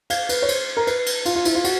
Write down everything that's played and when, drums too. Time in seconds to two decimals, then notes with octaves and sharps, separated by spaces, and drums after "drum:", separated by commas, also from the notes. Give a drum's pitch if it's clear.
0.10 F5, drum: cymbal
0.29 B4, drum: cymbal
0.42 C#5
0.49 C5, drum: cymbal
0.77 A#4
0.87 B4, drum: cymbal
1.06 drum: cymbal
1.25 F4, drum: cymbal
1.35 F4
1.45 E4, drum: cymbal
1.55 F4
1.64 F#4, drum: cymbal